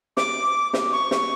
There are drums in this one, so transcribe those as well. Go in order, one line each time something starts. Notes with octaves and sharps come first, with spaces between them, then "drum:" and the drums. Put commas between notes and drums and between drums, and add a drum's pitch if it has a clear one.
D6, drum: snare
drum: snare
C#6
drum: snare